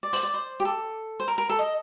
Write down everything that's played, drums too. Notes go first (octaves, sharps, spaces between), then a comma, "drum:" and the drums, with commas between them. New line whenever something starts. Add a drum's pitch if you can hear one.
D5
C5, drum: open hi-hat
D5
C5
G4
A4
C5
A#4
A#4
A4
D#5